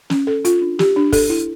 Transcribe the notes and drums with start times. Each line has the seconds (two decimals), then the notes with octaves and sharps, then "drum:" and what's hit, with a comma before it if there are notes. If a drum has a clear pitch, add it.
0.10 C#4, drum: snare
0.27 A4
0.45 F4, drum: hi-hat
0.61 D4
0.79 G4, drum: snare
0.96 D4
1.13 A4, drum: kick, open hi-hat
1.30 E4